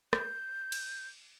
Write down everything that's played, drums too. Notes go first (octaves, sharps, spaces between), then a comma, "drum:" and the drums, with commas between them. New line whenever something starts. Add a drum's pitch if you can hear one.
G6, drum: rim click
drum: cymbal